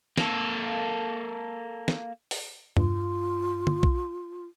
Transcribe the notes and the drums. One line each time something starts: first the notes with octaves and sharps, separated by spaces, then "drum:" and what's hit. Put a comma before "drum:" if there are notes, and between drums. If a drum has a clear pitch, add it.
A#3 A4, drum: snare
drum: snare
drum: open hi-hat
G2 F4, drum: tom E2
drum: tom
drum: kick